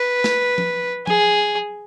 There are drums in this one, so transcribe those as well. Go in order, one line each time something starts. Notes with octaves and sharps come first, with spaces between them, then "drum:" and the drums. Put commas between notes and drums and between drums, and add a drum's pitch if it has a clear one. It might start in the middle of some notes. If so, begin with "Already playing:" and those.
Already playing: B4
drum: snare
drum: tom F3
G#4, drum: tom F3